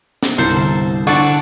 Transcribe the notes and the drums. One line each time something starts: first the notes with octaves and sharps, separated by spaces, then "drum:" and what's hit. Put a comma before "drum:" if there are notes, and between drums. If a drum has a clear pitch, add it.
drum: snare
G1 C2 A4 A#4 C5
drum: hi-hat
D3 D4 F#4 A4 D5, drum: open hi-hat